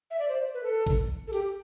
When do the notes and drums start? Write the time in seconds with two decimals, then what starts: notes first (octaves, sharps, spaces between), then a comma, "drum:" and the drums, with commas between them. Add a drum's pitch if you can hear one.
0.11 E5
0.19 D5
0.28 C5
0.54 B4
0.63 A4
0.87 drum: kick G#1, hi-hat
1.27 A4
1.33 G4, drum: hi-hat